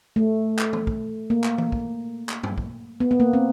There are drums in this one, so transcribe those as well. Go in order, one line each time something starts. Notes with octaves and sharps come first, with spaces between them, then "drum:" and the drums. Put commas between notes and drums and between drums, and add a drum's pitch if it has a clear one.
A3
drum: clap
drum: tom
drum: kick
A#3
drum: clap
drum: tom E3
drum: kick
drum: clap
drum: tom G2
drum: kick
B3
B3
A#3
C4